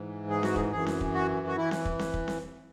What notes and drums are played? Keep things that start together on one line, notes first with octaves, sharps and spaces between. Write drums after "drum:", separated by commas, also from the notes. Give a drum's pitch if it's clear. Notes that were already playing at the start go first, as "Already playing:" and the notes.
Already playing: G#2 E3
G#4
F#4, drum: snare C4
G#4, drum: kick
F#2 E3 G#4
drum: snare C4
drum: kick
F#4
F#4
E3 E4
drum: snare C4
drum: kick
drum: snare C4
drum: kick
drum: snare C4